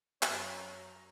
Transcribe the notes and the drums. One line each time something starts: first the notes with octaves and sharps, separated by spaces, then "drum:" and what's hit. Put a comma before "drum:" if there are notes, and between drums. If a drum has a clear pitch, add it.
F#2 F#3 C#5 A#5, drum: clap